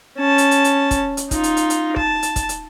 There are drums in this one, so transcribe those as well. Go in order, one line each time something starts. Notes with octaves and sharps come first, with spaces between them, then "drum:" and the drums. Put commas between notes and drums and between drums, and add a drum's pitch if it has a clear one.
C#4 A5
drum: hi-hat
drum: hi-hat
drum: hi-hat
drum: kick, hi-hat
drum: hi-hat
D#4 F4, drum: kick, hi-hat
drum: hi-hat
drum: hi-hat
drum: hi-hat
A5, drum: kick
drum: hi-hat
drum: kick, hi-hat
drum: hi-hat